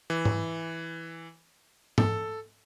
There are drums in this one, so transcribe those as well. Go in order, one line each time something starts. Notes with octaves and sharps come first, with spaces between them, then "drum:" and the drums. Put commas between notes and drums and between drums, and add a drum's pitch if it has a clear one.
E3
drum: tom G#2
A4, drum: tom G#2